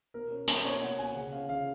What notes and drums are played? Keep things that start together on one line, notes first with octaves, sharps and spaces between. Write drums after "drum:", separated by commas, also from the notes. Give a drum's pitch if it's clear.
B2 A#4
C#4
B2, drum: hi-hat
A#3 C#5
B2 F#5
C#4 G#5
C#3 F#5
C#4 F5
C#3 F5